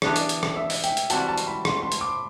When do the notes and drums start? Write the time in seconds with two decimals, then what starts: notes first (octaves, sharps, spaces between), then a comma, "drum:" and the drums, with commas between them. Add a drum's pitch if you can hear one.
0.02 E3 B3 D4 G4 D5, drum: rim click
0.16 drum: hi-hat
0.29 drum: hi-hat
0.43 drum: rim click
0.56 E5
0.70 drum: open hi-hat
0.84 G5, drum: hi-hat
0.97 drum: hi-hat
1.10 E3 G3 C4 F#4 A5, drum: hi-hat
1.28 A5
1.38 drum: hi-hat
1.47 B5
1.65 C6, drum: rim click
1.82 C6
1.92 drum: hi-hat
2.01 D6